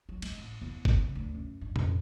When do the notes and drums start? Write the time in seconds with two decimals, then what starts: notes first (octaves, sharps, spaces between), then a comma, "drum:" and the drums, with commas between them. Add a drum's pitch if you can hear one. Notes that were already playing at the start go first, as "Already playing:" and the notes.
0.09 F#3
0.22 G#3, drum: cymbal
0.38 A1
0.62 E2
0.85 B3, drum: kick
1.02 C#3
1.15 D2
1.35 F#2
1.61 G2
1.76 F2, drum: tom A#2